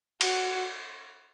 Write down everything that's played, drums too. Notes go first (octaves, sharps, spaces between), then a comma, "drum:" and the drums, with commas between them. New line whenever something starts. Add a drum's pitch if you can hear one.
F#4, drum: cymbal